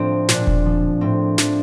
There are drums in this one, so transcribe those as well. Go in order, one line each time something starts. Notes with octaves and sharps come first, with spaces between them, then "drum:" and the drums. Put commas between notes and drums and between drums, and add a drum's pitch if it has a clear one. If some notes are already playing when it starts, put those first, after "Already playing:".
Already playing: A2 F3 C4 D4
A#2 D4, drum: snare
drum: kick E1
F3
A2 C4
F3 D4, drum: snare